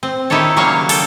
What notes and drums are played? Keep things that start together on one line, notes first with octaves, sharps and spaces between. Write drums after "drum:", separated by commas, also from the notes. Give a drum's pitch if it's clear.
C4
D#3 E4 G4 A4 C#5
C#3 F#3 G3 A#3 C#5 F5
A4 G5, drum: open hi-hat